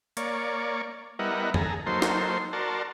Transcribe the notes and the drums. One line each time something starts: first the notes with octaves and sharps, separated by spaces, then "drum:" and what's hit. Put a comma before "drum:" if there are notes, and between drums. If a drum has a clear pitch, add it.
A#3 C#5 D5, drum: hi-hat
G3 B3 E4 A#4 D#5 F#5
G#4 A4 A#5, drum: tom F2
F#3 A#3 D#4 A4 C5 C6
drum: snare
F#4 A#4 D5 A5 C6